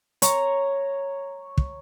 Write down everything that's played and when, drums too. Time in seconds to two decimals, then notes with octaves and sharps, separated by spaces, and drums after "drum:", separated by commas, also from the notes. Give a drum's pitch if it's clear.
0.22 C#5 A#5 C#6, drum: hi-hat
1.58 drum: kick